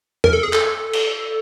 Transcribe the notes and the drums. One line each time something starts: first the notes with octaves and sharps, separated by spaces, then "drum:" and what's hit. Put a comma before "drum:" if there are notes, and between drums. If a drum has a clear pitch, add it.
A#4, drum: tom E2
A4
G#4
A4, drum: clap
drum: cymbal